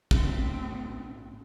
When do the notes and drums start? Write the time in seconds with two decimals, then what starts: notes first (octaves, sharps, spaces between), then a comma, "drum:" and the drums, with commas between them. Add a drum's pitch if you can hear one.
0.11 A2 C4, drum: kick